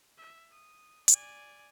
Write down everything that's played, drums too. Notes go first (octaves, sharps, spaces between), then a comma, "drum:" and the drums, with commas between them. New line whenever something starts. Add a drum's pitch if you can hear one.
E5
D#6
D5 G#5, drum: hi-hat